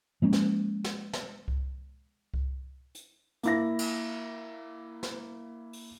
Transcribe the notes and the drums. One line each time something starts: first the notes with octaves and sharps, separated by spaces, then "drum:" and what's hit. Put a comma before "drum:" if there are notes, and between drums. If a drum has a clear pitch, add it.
F3 G#3 A#3 C#4
drum: snare
drum: snare
drum: snare
drum: kick C2
drum: kick C2
drum: hi-hat
A#3 E4 A#6, drum: hi-hat
drum: cymbal
drum: snare
drum: open hi-hat